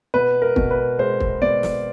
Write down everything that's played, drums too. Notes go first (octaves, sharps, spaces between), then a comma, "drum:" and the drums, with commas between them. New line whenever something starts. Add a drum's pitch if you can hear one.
B2 B4
A#4
B2, drum: kick
B4
G#3 C5
drum: kick
B2 D5
drum: snare